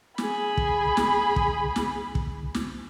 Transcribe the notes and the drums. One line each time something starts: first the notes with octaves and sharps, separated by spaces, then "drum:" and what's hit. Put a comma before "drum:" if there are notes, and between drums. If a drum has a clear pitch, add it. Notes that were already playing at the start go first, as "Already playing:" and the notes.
G#4 B5, drum: snare
drum: kick
drum: snare
drum: kick
drum: snare
drum: kick
drum: snare